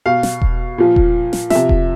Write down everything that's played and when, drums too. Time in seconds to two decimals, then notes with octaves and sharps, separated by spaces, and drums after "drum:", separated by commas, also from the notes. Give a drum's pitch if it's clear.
0.06 B2 F5
0.23 drum: snare
0.41 drum: kick E1
0.78 A#2 F3
0.96 drum: kick E1
1.33 drum: snare
1.50 C3 F3 E5, drum: snare
1.69 drum: kick E1